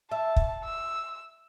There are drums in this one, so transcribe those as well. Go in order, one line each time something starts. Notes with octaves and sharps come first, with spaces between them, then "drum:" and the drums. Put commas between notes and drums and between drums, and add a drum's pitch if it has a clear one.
E5 A5
drum: kick
E6